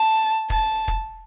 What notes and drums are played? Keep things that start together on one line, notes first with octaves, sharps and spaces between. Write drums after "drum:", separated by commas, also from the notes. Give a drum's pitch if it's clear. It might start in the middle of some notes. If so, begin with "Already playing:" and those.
Already playing: A5
A5, drum: kick
drum: kick